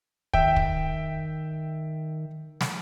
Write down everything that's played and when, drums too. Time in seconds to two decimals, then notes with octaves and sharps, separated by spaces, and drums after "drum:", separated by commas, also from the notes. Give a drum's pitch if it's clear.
0.34 D#3 E5 G5, drum: kick
0.56 drum: kick
2.61 drum: snare